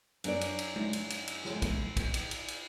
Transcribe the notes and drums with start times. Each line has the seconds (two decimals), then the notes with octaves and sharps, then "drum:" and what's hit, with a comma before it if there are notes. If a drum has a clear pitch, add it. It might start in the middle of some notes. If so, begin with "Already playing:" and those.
0.24 F#2 D4 D5, drum: cymbal
0.41 drum: cymbal
0.59 drum: cymbal
0.76 drum: tom G#3
0.93 drum: cymbal
1.10 drum: cymbal
1.28 drum: cymbal
1.45 drum: snare
1.62 drum: kick, cymbal
1.97 drum: kick, cymbal
2.14 drum: cymbal
2.31 drum: cymbal
2.48 drum: cymbal